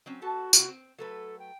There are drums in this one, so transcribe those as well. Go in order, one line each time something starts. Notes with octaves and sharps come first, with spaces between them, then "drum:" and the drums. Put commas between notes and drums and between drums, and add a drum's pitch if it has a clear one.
F#3 C4 C#4
B3 F#4 A4 A5
C3 E4 F4, drum: tambourine
C4
F#3 A3 A4 B4
G5